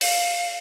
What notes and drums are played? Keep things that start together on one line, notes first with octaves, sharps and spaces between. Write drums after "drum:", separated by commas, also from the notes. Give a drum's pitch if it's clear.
F5, drum: open hi-hat